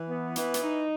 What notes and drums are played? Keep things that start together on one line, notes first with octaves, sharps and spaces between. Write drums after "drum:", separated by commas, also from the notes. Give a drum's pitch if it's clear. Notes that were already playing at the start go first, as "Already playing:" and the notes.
Already playing: E3
B3
E3, drum: hi-hat
drum: hi-hat
D#4